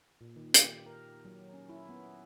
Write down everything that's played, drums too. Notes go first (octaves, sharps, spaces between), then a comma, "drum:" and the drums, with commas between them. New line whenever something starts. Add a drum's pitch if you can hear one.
A#2
D#3
G4, drum: hi-hat
A#4
F#3
C#4
E4
B3